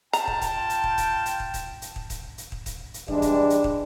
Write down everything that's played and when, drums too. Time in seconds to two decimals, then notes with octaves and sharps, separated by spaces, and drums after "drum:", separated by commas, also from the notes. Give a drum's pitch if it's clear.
0.13 F4 G5 A5 A#5, drum: hi-hat
0.27 drum: kick
0.41 drum: kick, hi-hat
0.70 drum: hi-hat
0.84 drum: kick
0.98 drum: kick, hi-hat
1.26 drum: hi-hat
1.40 drum: kick
1.54 drum: kick, hi-hat
1.82 drum: hi-hat
1.96 drum: kick
2.10 drum: kick, hi-hat
2.38 drum: hi-hat
2.52 drum: kick
2.66 drum: kick, hi-hat
2.94 drum: hi-hat
3.08 E3 G3 G#3 D4, drum: kick
3.22 drum: kick, hi-hat
3.50 drum: hi-hat
3.64 drum: kick